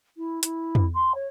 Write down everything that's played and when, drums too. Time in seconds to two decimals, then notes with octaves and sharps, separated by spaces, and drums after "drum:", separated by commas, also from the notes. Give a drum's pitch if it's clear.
0.17 E4
0.43 E4, drum: hi-hat
0.75 drum: tom
0.94 C6
1.14 C#5